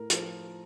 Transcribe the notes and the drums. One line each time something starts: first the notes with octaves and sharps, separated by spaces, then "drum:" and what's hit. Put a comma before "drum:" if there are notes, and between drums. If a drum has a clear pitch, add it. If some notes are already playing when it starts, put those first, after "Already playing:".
Already playing: A2 A#4
F3, drum: hi-hat